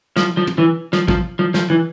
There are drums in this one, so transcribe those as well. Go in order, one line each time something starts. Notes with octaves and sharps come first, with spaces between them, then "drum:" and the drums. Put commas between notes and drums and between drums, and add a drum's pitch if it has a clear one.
F3, drum: snare
F3
drum: tom
E3
F3, drum: snare
F3, drum: kick
F3
F3, drum: snare
E3